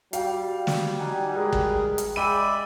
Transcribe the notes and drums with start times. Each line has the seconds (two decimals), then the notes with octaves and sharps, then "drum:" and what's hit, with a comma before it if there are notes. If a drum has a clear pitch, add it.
0.13 G3 F#4 F5 G5, drum: hi-hat
0.67 drum: snare
0.99 D#4 F#5 G#5
1.36 G#3 G#4 A#4 B4
1.53 drum: kick
1.98 drum: hi-hat
2.16 G#3 D5 E5 G5 B5 D#7